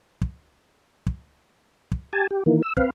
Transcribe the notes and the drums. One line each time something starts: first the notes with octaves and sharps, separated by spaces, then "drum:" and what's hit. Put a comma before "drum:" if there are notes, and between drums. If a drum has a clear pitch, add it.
drum: kick
drum: kick
drum: kick
G4 G#5 A5
G4
D#3 E3 A#3
E6
C4 B4 F5, drum: kick